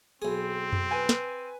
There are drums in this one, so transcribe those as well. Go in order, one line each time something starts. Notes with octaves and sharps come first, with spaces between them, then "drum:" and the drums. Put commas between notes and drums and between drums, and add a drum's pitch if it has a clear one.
B1 C4 G#4
drum: tom F2
B4 G#5
drum: snare